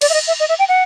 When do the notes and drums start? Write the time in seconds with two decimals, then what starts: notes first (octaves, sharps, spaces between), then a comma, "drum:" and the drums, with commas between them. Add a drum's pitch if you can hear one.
0.01 D5, drum: cymbal
0.10 E5
0.14 D#5
0.27 E5
0.40 D#5
0.49 E5
0.59 G5
0.69 F#5